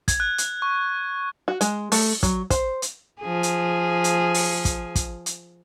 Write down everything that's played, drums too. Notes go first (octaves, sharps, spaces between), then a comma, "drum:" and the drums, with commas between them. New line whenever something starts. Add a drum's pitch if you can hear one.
G#6, drum: kick, hi-hat
F#6
drum: hi-hat
C#6
F#4
G#3, drum: hi-hat
A3, drum: open hi-hat
F#3, drum: kick, hi-hat
C5, drum: kick, hi-hat
drum: hi-hat
F3 G#4
drum: hi-hat
drum: hi-hat
drum: open hi-hat
drum: kick, hi-hat
drum: kick, hi-hat
drum: hi-hat